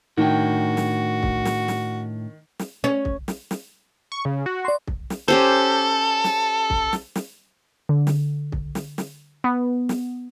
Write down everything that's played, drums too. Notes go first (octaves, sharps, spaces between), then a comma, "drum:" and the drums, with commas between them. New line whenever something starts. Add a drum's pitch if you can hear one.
A2 D#3 D4 F#4 G5
drum: snare
drum: kick
drum: snare
drum: snare
drum: snare
C#4
drum: kick
drum: snare
drum: snare
C#6
C#3
F#4
D5 C6
drum: kick
drum: snare
C#4 G4 A4 C5
drum: snare
drum: kick
drum: snare
drum: snare
D3
drum: snare
drum: kick
drum: snare
drum: snare
B3
drum: snare